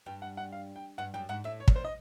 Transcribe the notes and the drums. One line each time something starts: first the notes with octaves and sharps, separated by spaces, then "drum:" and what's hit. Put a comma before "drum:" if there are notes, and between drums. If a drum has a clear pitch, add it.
G2 G5
F#5
F#5
F5
G5
G2 F#5
F#2 G5
G#2 F#5
A2 E5
C#5
A#2, drum: kick
C5
D#5